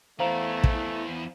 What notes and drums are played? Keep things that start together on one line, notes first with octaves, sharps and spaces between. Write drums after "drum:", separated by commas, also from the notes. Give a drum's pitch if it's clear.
E2 E3 A3 C5 F5 A#5
drum: kick